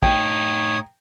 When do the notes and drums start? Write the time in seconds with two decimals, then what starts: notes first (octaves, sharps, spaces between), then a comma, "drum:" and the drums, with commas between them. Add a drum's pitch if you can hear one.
0.03 A2 D#4 C#5 G5 D#6, drum: kick